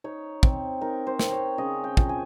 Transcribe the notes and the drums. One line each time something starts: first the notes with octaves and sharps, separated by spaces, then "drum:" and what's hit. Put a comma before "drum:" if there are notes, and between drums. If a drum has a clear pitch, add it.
D#4 C#5
C4, drum: kick
D#4 A#4
C5
C4, drum: snare
C#5
C#3 D#5
G5
F3, drum: kick
G#5